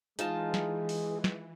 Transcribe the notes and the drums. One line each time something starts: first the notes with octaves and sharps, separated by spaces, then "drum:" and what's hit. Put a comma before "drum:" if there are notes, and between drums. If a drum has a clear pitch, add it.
E3 G#3 D#4 F4 G#4 A5, drum: hi-hat
drum: snare
drum: open hi-hat
drum: snare